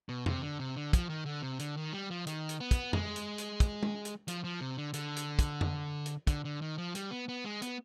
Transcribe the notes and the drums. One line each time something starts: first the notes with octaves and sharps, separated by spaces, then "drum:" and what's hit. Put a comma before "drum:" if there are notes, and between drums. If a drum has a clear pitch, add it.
B2
C3, drum: tom F2
D3
C3
D3
F3, drum: kick, hi-hat
D#3
D3
C3
D3, drum: hi-hat
D#3
G3
F3
D#3, drum: hi-hat
drum: hi-hat
B3
drum: kick, hi-hat
G#3, drum: tom F2
drum: hi-hat
drum: hi-hat
drum: kick, hi-hat
drum: tom
drum: hi-hat
F3, drum: hi-hat
F3
C3
D3
D3, drum: hi-hat
drum: hi-hat
drum: kick, hi-hat
drum: tom F2
drum: hi-hat
D3, drum: kick, hi-hat
D3
D#3
F3
G3, drum: hi-hat
B3
B3
G#3
B3, drum: hi-hat